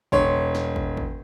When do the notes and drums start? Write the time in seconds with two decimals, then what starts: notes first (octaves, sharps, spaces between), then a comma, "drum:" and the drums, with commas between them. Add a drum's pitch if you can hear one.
0.12 E1 C#5 C6, drum: kick
0.55 drum: snare
0.76 drum: kick
0.97 drum: kick